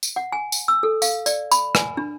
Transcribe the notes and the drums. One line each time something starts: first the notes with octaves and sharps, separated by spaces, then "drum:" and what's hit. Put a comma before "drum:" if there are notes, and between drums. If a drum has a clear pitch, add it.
drum: tambourine
F#5
G#5
drum: tambourine
E6
A4
F5, drum: tambourine
D5, drum: tambourine
B5, drum: tambourine
G#5, drum: rim click
D4